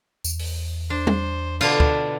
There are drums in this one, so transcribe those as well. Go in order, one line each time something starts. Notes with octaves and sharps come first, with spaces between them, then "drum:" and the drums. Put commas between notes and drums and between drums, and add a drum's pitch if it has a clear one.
E2, drum: tambourine
drum: open hi-hat
D4 C5
drum: tom G3
B2 D3 D4 F4 B4, drum: cymbal
drum: kick